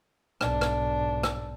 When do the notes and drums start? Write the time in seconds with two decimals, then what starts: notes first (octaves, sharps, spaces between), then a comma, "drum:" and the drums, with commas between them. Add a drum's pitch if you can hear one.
0.41 B1 G#2 D4, drum: rim click
0.61 drum: rim click
1.23 drum: rim click